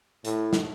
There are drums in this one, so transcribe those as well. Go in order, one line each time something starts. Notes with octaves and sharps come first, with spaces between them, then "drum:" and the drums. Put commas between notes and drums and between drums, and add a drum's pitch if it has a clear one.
A2, drum: hi-hat
drum: snare